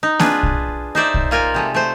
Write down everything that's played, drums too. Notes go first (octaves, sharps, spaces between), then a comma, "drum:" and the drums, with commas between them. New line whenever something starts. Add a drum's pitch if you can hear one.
D#4
D4 F4 G#4 B4, drum: snare A#3
drum: kick
D#4 C5 D5 E5
drum: kick
A#3 F4 A#4 G#5
C3 G#3 A3
A3 C5